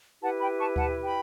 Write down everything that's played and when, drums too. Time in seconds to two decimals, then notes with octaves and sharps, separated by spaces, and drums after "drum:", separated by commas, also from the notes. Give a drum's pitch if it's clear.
0.22 E4 G4 B4 F#5 A5
0.40 G5 B5
0.58 A5 C#6
0.76 F#5 A5, drum: kick D2
1.03 G5 B5